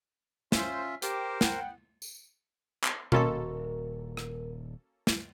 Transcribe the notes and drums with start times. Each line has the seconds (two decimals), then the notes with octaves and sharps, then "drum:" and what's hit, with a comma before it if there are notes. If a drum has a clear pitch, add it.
0.52 C#4 F4 C5 E5, drum: snare
1.02 G4 A#4 C5, drum: hi-hat
1.41 B3 F#5 G5, drum: snare
2.02 drum: tambourine
2.84 drum: clap
3.12 D#1 A#3 C#4 F#4 A4 A#4 D#5 C#6, drum: tom B2
4.17 drum: rim click
5.07 drum: snare